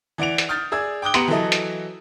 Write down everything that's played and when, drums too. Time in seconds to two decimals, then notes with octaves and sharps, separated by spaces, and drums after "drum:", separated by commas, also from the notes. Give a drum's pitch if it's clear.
0.18 E3 D5 F#5 D7 F7
0.38 drum: hi-hat
0.49 D#6 F6 G6 A6
0.72 G#4 D5 E6 G#6
1.02 G5 D6 D#6 F#6 G7
1.14 B3 G4 A#5 C6 C#7 F#7, drum: hi-hat
1.28 E3 F#3 A4 D#5
1.52 drum: hi-hat